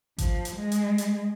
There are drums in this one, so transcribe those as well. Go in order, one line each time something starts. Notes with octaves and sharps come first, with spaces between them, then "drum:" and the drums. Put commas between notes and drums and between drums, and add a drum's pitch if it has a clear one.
F3, drum: kick G#1, hi-hat
drum: hi-hat
G#3
drum: hi-hat
drum: hi-hat